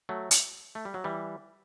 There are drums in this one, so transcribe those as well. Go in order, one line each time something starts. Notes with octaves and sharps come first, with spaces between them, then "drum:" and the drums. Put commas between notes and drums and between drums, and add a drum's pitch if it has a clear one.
F#3 A3
drum: hi-hat
A3
G3
F#3
E3 G3